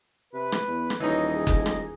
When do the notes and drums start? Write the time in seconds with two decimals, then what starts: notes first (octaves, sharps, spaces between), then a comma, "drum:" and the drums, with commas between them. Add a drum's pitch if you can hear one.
0.33 C3 B4
0.52 drum: rim click
0.67 E2
0.90 drum: rim click
1.00 D#1 E3 D#4 C#5 D#5
1.35 G#4
1.47 drum: kick F#1
1.66 drum: rim click